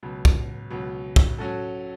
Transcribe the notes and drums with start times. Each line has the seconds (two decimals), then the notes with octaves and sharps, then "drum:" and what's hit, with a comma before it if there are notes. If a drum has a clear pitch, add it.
0.03 C#2 B2 F#3
0.25 drum: kick
0.70 C#2 B2 F#3
1.16 drum: kick
1.38 F#3 C#4 F#4 A4